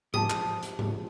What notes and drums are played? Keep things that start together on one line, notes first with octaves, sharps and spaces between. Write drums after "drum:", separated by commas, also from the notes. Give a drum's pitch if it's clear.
F3 G4 G5 A5 D#6, drum: tom G#2
drum: clap
drum: hi-hat
drum: tom G#2